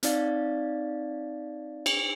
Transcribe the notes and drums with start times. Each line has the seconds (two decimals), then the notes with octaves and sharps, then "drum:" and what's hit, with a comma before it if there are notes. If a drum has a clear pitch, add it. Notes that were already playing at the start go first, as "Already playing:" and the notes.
0.03 C4 D#4 C#5 D5 F5 A6, drum: hi-hat
1.86 drum: cymbal